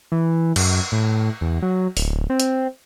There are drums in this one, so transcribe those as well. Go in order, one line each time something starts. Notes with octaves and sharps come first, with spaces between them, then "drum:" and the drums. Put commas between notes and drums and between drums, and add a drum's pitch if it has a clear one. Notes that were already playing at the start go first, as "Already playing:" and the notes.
E3
F#2, drum: cymbal
A2
E2
F#3
D1, drum: open hi-hat
C4
drum: hi-hat